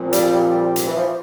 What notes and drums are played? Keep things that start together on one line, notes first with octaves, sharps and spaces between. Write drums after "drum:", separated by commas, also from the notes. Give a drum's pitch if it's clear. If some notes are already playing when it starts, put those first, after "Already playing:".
Already playing: A#2 F3 C4
G3, drum: hi-hat
G3
G3
drum: hi-hat
E3
F3